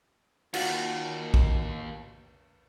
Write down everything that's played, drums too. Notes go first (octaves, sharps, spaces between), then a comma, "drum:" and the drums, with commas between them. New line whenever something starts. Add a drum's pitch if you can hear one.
D#2 F4 F#4, drum: cymbal
drum: kick A#1